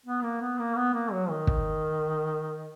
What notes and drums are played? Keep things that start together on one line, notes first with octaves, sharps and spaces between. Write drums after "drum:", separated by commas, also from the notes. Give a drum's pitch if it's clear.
B3
A#3
B3
A#3
B3
A#3
F#3
D#3
drum: kick